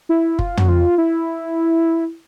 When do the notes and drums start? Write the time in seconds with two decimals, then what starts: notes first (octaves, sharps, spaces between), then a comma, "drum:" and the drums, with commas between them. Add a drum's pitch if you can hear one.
0.09 E4
0.39 F4, drum: kick
0.57 F#4, drum: tom
0.68 F4
0.98 E4